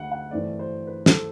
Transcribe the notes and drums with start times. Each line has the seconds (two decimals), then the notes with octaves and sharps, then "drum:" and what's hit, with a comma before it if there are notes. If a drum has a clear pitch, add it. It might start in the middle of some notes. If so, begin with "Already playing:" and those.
Already playing: D2 D3 F#5
0.12 F#5
0.31 G2 E3 A3 C4 D5
0.59 C5
0.87 B4
1.06 A4, drum: snare